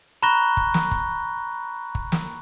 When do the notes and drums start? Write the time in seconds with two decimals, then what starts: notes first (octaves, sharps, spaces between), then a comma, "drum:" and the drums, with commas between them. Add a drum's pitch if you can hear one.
0.23 A#5 B5 C#6 F#6 A#6 G7
0.57 drum: kick
0.74 drum: snare
0.91 drum: kick
1.95 drum: kick
2.12 drum: snare